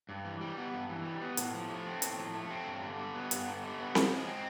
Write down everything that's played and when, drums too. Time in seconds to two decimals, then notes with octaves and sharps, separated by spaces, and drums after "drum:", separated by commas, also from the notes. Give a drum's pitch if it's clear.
0.09 G2
0.25 E3
0.41 G3
0.57 B3
0.73 G2
0.89 E3
1.05 G3
1.21 B3
1.37 A2, drum: hi-hat
1.54 F3
1.70 A3
1.86 C4
2.02 A2, drum: hi-hat
2.18 F3
2.34 A3
2.50 C4
2.67 G2
2.83 D3
2.99 G3
3.15 B3
3.31 G2, drum: hi-hat
3.47 D3
3.63 G3
3.79 B3
3.95 F3, drum: snare C4
4.11 G#3
4.27 C4